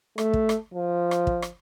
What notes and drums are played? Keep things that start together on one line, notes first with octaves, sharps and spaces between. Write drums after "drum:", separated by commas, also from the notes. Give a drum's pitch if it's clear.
A3, drum: rim click
drum: kick
drum: rim click
F3
drum: rim click
drum: kick
drum: rim click